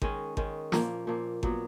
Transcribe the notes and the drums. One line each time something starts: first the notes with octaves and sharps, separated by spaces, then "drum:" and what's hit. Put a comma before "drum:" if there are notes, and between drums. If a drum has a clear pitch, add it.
D#3 G#3 C#4, drum: kick G#1
D#3 G#3 C#4, drum: kick G#1
A#2 F3 A#3, drum: snare
A#2 F3 A#3
A#2 F#3 B3, drum: kick G#1